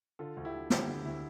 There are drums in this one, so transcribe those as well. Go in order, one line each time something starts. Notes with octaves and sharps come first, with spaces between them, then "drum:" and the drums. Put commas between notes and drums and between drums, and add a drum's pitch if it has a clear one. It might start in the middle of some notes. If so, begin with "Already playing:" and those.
D3 F4 A4
D2
E4 G4
D2
D2 E4 G4, drum: snare
D3
D2 E4